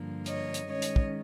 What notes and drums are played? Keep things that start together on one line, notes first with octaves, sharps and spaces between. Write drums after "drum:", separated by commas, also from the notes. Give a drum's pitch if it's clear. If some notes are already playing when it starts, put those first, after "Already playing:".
Already playing: G2 D3 F3 A#3
C#5 D#5, drum: hi-hat
drum: hi-hat
D#3 G#3 C#4 C#5 D#5
drum: hi-hat
drum: kick